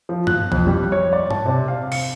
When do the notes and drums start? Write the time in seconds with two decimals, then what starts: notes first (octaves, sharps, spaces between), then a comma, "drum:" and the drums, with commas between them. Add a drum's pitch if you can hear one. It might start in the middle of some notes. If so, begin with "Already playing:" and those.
0.09 F3
0.27 F#6, drum: tom G2
0.52 F2, drum: kick A1
0.67 G3
0.92 C#5
1.13 D5
1.31 A5, drum: tom G2
1.46 C3
1.68 F5
1.92 C#7, drum: cymbal